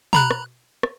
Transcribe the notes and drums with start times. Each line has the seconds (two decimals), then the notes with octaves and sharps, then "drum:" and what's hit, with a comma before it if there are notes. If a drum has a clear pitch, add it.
0.13 A#5 B5 F#6, drum: tom
0.31 drum: rim click
0.83 drum: rim click